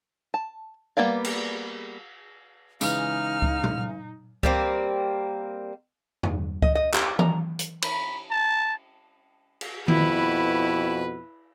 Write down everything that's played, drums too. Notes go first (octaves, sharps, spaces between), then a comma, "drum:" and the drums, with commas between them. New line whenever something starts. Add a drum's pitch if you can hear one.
A5
G3 A#3 B3 D5 F5
drum: cymbal
C#3 E3 G#3 D#4 F5 F6, drum: tambourine
drum: kick C#2
drum: tom A#2
G3 A#3 C4, drum: kick C#2
drum: tom E2
D#5, drum: kick C#2
D#5
G4, drum: clap
A#5, drum: tom E3
drum: hi-hat
B5, drum: cymbal
A5
drum: cymbal
F2 B2 E4 F#4 B4, drum: tom D#3